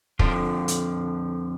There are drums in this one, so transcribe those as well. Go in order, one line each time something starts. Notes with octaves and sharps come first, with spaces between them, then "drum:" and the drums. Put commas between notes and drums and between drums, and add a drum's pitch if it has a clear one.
F2 D3 F3 D4 F4, drum: kick
drum: hi-hat